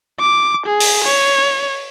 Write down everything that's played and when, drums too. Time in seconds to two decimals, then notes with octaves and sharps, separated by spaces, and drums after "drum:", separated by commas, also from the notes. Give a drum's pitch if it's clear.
0.19 D6
0.66 G#4
0.80 drum: open hi-hat
1.05 C#5